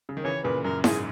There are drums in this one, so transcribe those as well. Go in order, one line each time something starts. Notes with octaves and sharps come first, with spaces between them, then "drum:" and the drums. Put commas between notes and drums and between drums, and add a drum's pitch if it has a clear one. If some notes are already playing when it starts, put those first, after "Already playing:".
C#3
D#3
C#3 E3 C#5
A#2 C#3 B4
F#2 A#2 A#4
G#2 G#4, drum: snare E4